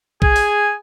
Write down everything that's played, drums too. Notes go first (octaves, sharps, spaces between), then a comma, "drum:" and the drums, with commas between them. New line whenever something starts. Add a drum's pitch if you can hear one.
G#4 G#5, drum: kick B1
drum: open hi-hat